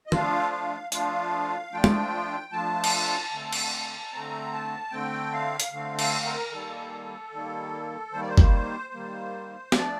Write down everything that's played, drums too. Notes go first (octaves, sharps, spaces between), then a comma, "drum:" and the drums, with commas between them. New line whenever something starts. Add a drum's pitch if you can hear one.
D#5
F3 A3 D4 F4 F5, drum: tom
F5
F3 A3 D4 F4 F5, drum: hi-hat
F3 A3 D4 F4 G5
drum: tom
F3 A3 D4 F4 A5
drum: cymbal
D3 A3 C4
drum: cymbal
D3 A3 C4 A#5
A5
D3 A3 C4 G5
F5
drum: hi-hat
D3 A3 C4 F5
F5, drum: cymbal
A#4
D#3 G3 A#3 A4
D#3 G3 A#3
D#3 G3 A#3 C5
D5
C5
drum: kick F#1
D#3 G3 A#3
F3 A3 D4 D5, drum: snare